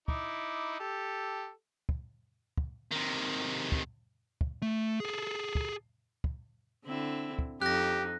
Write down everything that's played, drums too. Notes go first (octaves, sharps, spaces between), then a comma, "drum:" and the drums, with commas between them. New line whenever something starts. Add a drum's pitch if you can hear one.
D#4 E4 D6, drum: kick
G4 A4
drum: kick
drum: kick
C3 D#3
drum: kick
drum: kick
A3
G#4 A4
drum: kick
drum: kick
D3 C4 E4
drum: kick
F2 D#4 G4 F#6 A#6